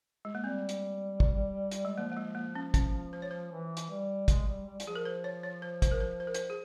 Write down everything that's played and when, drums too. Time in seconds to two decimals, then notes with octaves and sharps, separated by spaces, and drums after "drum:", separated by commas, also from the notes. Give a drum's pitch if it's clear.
0.25 G#3
0.35 A#3
0.44 G3 C4
0.69 drum: hi-hat
1.20 drum: kick
1.71 drum: hi-hat
1.85 G#3
1.98 F3 A#3
2.12 A#3
2.17 G#3
2.35 A#3
2.55 C#4
2.74 C#4, drum: kick, hi-hat
3.13 C5
3.22 C#5
3.31 C5
3.52 E3
3.77 drum: hi-hat
3.90 G3
4.28 G#3, drum: kick, hi-hat
4.47 G3
4.66 G3
4.80 G3, drum: hi-hat
4.86 F3 G#4
4.96 A#4
5.05 C5
5.24 C#5
5.43 C#5
5.62 C5
5.82 C5, drum: kick, hi-hat
5.92 A#4
6.00 C5
6.20 C5
6.27 A#4
6.34 C5, drum: hi-hat
6.50 G#4